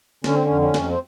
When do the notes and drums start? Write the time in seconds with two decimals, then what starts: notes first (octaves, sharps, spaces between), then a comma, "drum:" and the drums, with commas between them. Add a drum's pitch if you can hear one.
0.24 D3 C#4, drum: snare
0.34 C4
0.45 F2 C#4
0.62 C#4
0.74 F2, drum: snare
0.88 C4